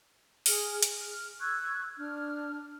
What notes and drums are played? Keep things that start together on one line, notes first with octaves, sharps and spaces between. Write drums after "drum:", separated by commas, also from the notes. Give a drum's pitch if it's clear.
G#4 F6, drum: open hi-hat
drum: hi-hat
F6
C#6 E6 F#6 G#6
D4 F6